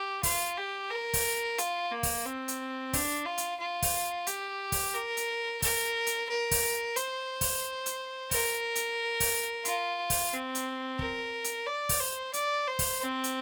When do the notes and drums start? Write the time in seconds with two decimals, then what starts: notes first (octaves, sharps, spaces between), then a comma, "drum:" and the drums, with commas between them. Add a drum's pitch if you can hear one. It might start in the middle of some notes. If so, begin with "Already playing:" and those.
Already playing: G4
0.23 F4, drum: kick, open hi-hat
0.58 G4
0.90 A#4
1.13 drum: kick, open hi-hat
1.58 F4, drum: hi-hat
1.92 A#3
2.03 drum: kick, open hi-hat
2.26 C4
2.48 drum: hi-hat
2.93 D4, drum: kick, open hi-hat
3.26 F4
3.38 drum: hi-hat
3.59 F4
3.82 drum: kick, open hi-hat
4.27 G4, drum: hi-hat
4.72 drum: kick, open hi-hat
4.94 A#4
5.17 drum: hi-hat
5.62 A#4, drum: kick, open hi-hat
6.07 drum: hi-hat
6.29 A#4
6.51 drum: kick, open hi-hat
6.96 C5, drum: hi-hat
7.41 drum: kick, open hi-hat
7.86 drum: hi-hat
8.31 A#4, drum: kick, open hi-hat
8.75 drum: hi-hat
9.20 drum: kick, open hi-hat
9.65 F4, drum: hi-hat
10.10 drum: kick, open hi-hat
10.33 C4
10.55 drum: hi-hat
10.99 A#4, drum: kick
11.44 drum: hi-hat
11.67 D5
11.89 drum: kick, open hi-hat
12.00 C5
12.33 D5, drum: hi-hat
12.67 C5
12.79 drum: kick, open hi-hat
13.01 C4
13.24 drum: hi-hat